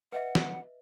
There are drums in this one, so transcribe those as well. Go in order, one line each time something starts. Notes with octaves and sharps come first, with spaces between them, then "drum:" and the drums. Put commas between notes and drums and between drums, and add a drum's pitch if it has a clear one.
B4 D#5 E5 F#5
drum: snare